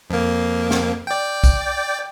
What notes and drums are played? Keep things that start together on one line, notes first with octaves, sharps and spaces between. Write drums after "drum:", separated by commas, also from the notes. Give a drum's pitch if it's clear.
F2 A#3
drum: snare
D5 G5
drum: kick, tambourine